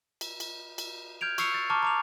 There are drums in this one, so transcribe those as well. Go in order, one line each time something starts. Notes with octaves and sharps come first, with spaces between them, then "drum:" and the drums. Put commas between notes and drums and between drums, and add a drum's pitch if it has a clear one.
drum: cymbal
drum: cymbal
drum: cymbal
F6 G6 G#6 D7 F7
C#6 E6 C7 C#7 F7, drum: cymbal
A6
A5 A#5 C#6 D6 F6
A#5 D6 F7